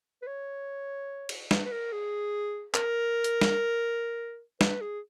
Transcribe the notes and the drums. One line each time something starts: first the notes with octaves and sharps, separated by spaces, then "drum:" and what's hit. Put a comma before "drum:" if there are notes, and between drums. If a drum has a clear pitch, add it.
B4
C#5
drum: cymbal
B4, drum: snare
B4
A#4
G#4
A#4, drum: clap
drum: hi-hat
drum: snare
B4, drum: snare
G#4